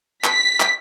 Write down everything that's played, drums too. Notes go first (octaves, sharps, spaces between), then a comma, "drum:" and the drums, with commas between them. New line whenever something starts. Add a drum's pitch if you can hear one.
B6, drum: clap
drum: clap